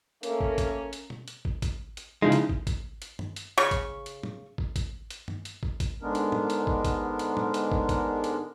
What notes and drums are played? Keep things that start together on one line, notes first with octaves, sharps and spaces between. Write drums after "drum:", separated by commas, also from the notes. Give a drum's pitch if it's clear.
A3 A#3 C#4 A#4, drum: hi-hat
drum: kick
drum: kick, hi-hat
drum: hi-hat
drum: tom B2
drum: hi-hat
drum: kick
drum: kick, hi-hat
drum: hi-hat
C#3 F3 G#3 D#4 E4 G#4
drum: hi-hat
drum: kick
drum: kick, hi-hat
drum: hi-hat
drum: tom G2
drum: hi-hat
C#3 C#6
drum: kick, hi-hat
drum: hi-hat
drum: tom
drum: kick
drum: kick, hi-hat
drum: hi-hat
drum: tom G2
drum: hi-hat
drum: kick
drum: kick, hi-hat
G#2 D3 G#3 B3 D4 A#4
drum: hi-hat
drum: tom
drum: hi-hat
drum: kick
drum: kick, hi-hat
drum: hi-hat
drum: tom
drum: hi-hat
drum: kick
drum: kick, hi-hat
drum: hi-hat